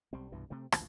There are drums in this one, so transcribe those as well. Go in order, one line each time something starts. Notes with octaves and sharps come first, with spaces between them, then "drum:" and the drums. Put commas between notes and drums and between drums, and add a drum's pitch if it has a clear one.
B1 G3 C4
C2 G2 B2 E3
C3 A3 C4
G#1 D2 G2 F3, drum: rim click